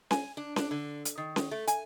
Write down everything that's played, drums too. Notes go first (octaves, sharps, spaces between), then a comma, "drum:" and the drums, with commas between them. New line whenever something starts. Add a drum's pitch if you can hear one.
G#5, drum: snare C#4
D4
D4, drum: snare C#4
D3
drum: hi-hat
D#3
drum: snare C#4
A3
G#5, drum: hi-hat